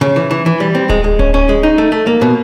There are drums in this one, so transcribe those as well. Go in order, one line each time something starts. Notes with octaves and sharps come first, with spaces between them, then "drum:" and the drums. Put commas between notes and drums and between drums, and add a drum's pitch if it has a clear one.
C#3
E3
E3
E3
G3
C4
G#3, drum: kick D1
G#3
C#4, drum: kick D1
C#4
G#3
D#4
A3
A3
A#3
B2